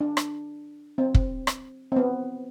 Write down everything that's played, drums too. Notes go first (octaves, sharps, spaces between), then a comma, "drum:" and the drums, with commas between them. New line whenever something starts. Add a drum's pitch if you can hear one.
D4
drum: rim click
C4
drum: kick
drum: rim click
C4
B3